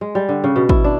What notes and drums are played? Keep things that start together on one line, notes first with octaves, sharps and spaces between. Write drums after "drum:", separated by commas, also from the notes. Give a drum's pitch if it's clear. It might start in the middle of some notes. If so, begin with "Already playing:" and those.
G#3
G3
D3
C#3
B2
E4, drum: kick
D4